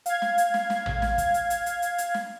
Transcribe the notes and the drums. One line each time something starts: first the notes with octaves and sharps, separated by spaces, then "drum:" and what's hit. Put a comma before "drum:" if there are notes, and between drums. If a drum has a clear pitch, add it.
F5 G#6, drum: hi-hat
drum: snare
drum: hi-hat
drum: snare
drum: snare
drum: tom A1
drum: snare
drum: kick, hi-hat
drum: hi-hat
drum: hi-hat
drum: hi-hat
drum: hi-hat
drum: hi-hat
drum: snare